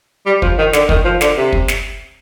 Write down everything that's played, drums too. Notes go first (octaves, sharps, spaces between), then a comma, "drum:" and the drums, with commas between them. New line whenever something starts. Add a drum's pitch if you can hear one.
G3
F3, drum: kick
D#3
D3, drum: snare
D#3, drum: kick
F3
D3, drum: snare
C3
drum: kick
drum: snare